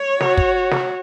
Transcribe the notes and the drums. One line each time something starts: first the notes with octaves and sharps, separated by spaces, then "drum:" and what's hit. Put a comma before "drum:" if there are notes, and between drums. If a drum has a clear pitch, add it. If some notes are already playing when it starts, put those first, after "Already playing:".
Already playing: C#5
F#4, drum: snare
drum: kick
drum: snare